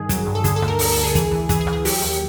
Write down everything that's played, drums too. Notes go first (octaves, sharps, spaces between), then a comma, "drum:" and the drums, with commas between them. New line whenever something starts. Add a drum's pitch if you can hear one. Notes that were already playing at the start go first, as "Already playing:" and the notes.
Already playing: G2 D#3 G#4
F#3, drum: kick, hi-hat
G2
A4
D3 G#4, drum: kick, hi-hat
A4
D2, drum: rim click
A#4
D2 A#4, drum: open hi-hat
A4
D2
G#4
E3 G#4, drum: kick, hi-hat
E3
E3 G#4, drum: kick, hi-hat
G#4
E3, drum: rim click
G#4
F#3 G4, drum: open hi-hat
D#2